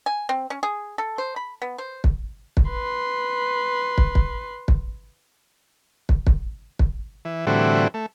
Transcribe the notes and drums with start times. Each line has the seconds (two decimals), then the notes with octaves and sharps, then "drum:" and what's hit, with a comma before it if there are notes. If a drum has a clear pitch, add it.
0.06 G#5
0.29 C4
0.50 C#4
0.63 G#4
0.98 A4
1.18 C5
1.36 B5
1.62 B3
1.78 C5
2.04 drum: kick
2.57 drum: kick
2.71 B4 C6
3.98 drum: kick
4.15 drum: kick
4.68 drum: kick
6.09 drum: kick
6.27 drum: kick
6.79 drum: kick
7.25 E3
7.47 A2 D3 E3 G3 C4 F#4
7.94 A3